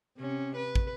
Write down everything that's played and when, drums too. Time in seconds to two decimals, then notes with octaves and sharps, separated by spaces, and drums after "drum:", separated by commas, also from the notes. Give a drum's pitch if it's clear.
0.18 C3 C#4
0.56 B4
0.75 drum: kick